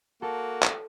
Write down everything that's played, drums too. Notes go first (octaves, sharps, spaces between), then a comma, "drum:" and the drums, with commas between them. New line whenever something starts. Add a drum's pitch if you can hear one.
A#3 F#4 A4
drum: clap